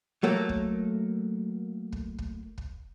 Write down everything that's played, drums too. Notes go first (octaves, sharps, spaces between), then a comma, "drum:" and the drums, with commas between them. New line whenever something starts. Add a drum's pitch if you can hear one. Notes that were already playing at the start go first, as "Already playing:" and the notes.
F#3 A3 A#3
drum: kick
drum: kick
drum: kick
drum: kick